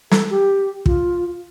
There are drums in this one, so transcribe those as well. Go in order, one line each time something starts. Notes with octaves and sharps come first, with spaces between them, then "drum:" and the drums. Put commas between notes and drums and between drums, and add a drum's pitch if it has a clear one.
A4, drum: snare
G4
F4, drum: kick